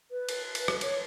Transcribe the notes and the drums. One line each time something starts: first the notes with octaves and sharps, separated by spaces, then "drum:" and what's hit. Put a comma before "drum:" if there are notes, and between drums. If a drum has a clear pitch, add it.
B4
drum: cymbal
drum: cymbal
drum: rim click
C#5, drum: cymbal